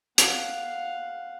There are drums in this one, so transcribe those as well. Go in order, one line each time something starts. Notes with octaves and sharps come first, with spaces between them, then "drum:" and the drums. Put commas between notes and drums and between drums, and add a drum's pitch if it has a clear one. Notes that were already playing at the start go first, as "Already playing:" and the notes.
F5 F#5, drum: hi-hat